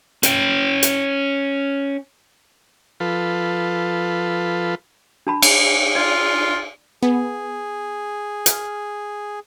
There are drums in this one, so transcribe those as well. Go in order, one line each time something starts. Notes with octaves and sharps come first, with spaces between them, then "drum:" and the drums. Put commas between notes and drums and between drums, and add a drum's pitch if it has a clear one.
C#4 G5, drum: hi-hat
drum: hi-hat
F3 F4 A4 B4
D4 A5 B5
drum: cymbal
F4 D5
B3 G#4
F6, drum: hi-hat